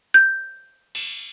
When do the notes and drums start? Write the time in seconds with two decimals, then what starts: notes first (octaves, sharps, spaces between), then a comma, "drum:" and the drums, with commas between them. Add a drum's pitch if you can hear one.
0.14 G6
0.95 drum: cymbal